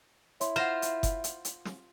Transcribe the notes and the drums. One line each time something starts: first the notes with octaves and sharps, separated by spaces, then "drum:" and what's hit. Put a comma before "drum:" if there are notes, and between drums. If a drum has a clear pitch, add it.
E4 C#5 C6, drum: hi-hat
F4 C5 F#5 A#6 E7
drum: hi-hat
drum: kick F#1, hi-hat
drum: hi-hat
drum: hi-hat
drum: snare